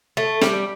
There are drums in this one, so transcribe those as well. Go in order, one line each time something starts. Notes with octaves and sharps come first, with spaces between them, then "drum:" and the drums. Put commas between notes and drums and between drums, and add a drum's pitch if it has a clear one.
A3
G3, drum: snare